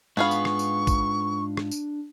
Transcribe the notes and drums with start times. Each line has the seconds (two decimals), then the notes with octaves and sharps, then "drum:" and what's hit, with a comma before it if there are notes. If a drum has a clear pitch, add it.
0.17 G#2 B3 D4 F4 G#4 F5 B5 C#6
0.31 drum: tambourine
0.45 drum: rim click
0.59 drum: tambourine
0.87 drum: kick, tambourine
1.57 drum: rim click
1.71 drum: tambourine